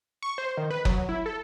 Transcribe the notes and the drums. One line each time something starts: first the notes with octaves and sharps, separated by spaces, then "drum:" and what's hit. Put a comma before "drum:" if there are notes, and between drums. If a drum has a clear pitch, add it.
C#6
C5
D#3
B4
F#3, drum: kick F#1
E4
A4